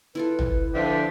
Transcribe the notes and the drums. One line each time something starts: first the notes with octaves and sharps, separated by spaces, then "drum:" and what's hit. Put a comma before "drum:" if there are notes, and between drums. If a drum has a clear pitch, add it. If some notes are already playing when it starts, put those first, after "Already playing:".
E4 F4 A4 B4
drum: tom
D3 F3 D5 E5 G5